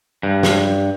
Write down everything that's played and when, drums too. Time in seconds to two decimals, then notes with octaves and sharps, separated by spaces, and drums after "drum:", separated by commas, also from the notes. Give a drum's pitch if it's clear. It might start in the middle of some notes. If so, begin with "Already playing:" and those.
0.23 G2
0.43 drum: snare